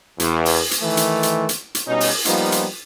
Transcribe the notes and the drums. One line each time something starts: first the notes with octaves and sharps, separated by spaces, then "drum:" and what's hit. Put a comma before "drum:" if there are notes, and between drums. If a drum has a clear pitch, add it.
E2, drum: hi-hat
drum: open hi-hat
drum: hi-hat
D#3 E3 A3
drum: hi-hat
drum: hi-hat
drum: hi-hat
drum: hi-hat
B2 G3 C#4 D#4
drum: open hi-hat
F3 G3 A#3 B3 D#4 F4, drum: hi-hat
drum: hi-hat